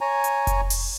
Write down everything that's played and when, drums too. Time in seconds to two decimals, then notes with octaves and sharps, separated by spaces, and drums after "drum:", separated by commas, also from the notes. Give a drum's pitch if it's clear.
0.01 C#5 G#5 A#5
0.24 drum: hi-hat
0.47 drum: kick F1, hi-hat
0.70 drum: open hi-hat